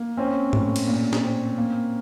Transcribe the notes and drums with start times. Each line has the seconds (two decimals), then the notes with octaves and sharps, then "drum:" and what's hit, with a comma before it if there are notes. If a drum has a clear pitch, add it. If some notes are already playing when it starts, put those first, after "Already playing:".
Already playing: A#3
0.17 C4 C#4
0.53 A2, drum: tom G#2
0.76 drum: cymbal
0.87 A#2
1.13 drum: snare
1.22 C4
1.58 A#3